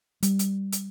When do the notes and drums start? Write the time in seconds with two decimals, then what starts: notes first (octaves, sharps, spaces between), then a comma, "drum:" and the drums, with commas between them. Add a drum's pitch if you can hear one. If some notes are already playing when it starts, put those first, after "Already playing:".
0.23 G3, drum: hi-hat
0.39 drum: hi-hat
0.72 drum: hi-hat